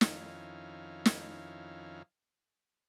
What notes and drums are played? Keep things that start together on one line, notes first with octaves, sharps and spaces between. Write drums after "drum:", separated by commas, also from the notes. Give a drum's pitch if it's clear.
F2 D#3 C#4 E4 F5, drum: snare
drum: snare